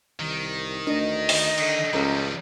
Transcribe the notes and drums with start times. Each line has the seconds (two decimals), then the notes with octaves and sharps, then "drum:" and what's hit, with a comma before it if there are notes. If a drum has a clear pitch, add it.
0.20 C2 D#3
0.87 D2 A3 D4 A#4 D#5
1.29 drum: open hi-hat
1.58 D3, drum: cymbal
1.93 C#2 F3 G3 C#4 A4 A#5